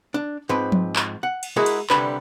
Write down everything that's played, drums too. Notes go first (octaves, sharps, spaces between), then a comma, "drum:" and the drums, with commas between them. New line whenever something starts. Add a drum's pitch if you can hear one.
D4
G#2 F3 C4 B4
drum: tom F3
drum: clap
F#5
drum: cymbal
G#3 E4 F#4 G#4 A#4 E5
drum: cymbal
C2 D3 G3 D4 B4 B5, drum: clap